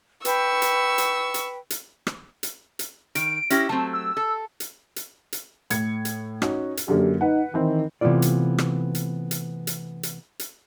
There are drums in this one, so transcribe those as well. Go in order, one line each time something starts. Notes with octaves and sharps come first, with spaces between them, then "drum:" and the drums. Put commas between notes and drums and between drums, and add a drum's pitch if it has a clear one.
B4 G5 C#6 E6, drum: hi-hat
drum: hi-hat
drum: hi-hat
drum: hi-hat
drum: hi-hat
drum: rim click
drum: hi-hat
drum: hi-hat
D#3 D7, drum: hi-hat
C#4 E4 G4 A#6, drum: hi-hat
F#3 A3 C4 A5
E6
A4
drum: hi-hat
drum: hi-hat
drum: hi-hat
A2 G#6 C#7, drum: hi-hat
drum: hi-hat
C#4 D#4 F#4, drum: rim click
drum: hi-hat
F#2 D3 A#3 G4
D#4 B4 F#5
D#3 E3 C4
C3 E3 A3 B3 F4 D5
drum: hi-hat
drum: rim click
drum: hi-hat
drum: hi-hat
drum: hi-hat
drum: hi-hat
drum: hi-hat